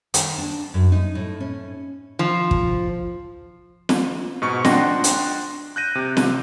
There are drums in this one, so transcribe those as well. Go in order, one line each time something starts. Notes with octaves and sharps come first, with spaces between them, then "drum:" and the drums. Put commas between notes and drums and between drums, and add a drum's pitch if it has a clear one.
D#3, drum: hi-hat
D4
F#2
D#4
A2
C#4
F3
drum: kick
drum: snare
G#2 B2 C#6 C#7
D4 D#5 F#5 G5 C6 A#6, drum: snare
drum: hi-hat
F#6 G6 A#6 D#7
C3
drum: snare